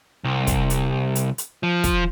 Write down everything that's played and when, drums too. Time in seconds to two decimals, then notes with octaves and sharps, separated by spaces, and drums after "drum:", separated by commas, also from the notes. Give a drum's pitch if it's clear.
0.24 C2
0.47 drum: kick, hi-hat
0.70 drum: hi-hat
1.15 drum: hi-hat
1.38 drum: hi-hat
1.63 F3
1.84 drum: kick, hi-hat